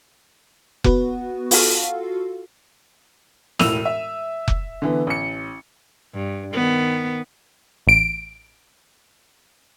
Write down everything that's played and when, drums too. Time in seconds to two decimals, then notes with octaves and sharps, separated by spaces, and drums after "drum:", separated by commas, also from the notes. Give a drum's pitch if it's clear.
0.84 B3 F#4 B4, drum: kick F1
1.51 F4 F#4 A4 F5, drum: open hi-hat
3.59 E1 A2 E6 D#7 F7, drum: snare
3.85 E5
4.48 drum: kick F1
4.82 D3 E3 B3
5.07 A1 C#7
6.14 G2
6.53 D#3 B3
7.87 A1 D7